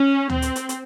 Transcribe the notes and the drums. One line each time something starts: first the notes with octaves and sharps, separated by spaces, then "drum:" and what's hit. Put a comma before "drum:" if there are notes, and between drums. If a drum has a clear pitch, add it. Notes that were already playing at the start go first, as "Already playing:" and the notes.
Already playing: C#4
C4, drum: tom D2
drum: hi-hat
drum: hi-hat
drum: hi-hat